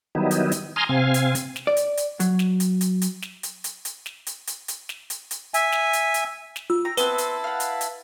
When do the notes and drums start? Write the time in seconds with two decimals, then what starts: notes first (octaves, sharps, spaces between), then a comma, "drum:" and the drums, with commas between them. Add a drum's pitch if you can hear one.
0.15 D#3 F#3 G3 B3 D#4 E4
0.31 drum: hi-hat
0.52 drum: hi-hat
0.76 G#5 A#5 C6 D#6 F6
0.89 C3 C4 F5 G#5
1.14 drum: hi-hat
1.35 drum: hi-hat
1.56 drum: snare
1.67 D5
1.77 drum: hi-hat
1.97 drum: hi-hat
2.20 F#3, drum: hi-hat
2.39 drum: snare
2.60 drum: hi-hat
2.81 drum: hi-hat
3.02 drum: hi-hat
3.22 drum: snare
3.43 drum: hi-hat
3.64 drum: hi-hat
3.85 drum: hi-hat
4.06 drum: snare
4.27 drum: hi-hat
4.47 drum: hi-hat
4.68 drum: hi-hat
4.89 drum: snare
5.10 drum: hi-hat
5.31 drum: hi-hat
5.54 E5 G#5, drum: hi-hat
5.72 drum: snare
5.93 drum: hi-hat
6.14 drum: hi-hat
6.56 drum: snare
6.70 F4 E6
6.85 G5 A#5
6.97 B3 C4 E4 B4 A5 B5 F#6 G7, drum: hi-hat
7.18 drum: hi-hat
7.44 F5 F#5
7.60 drum: hi-hat
7.81 drum: hi-hat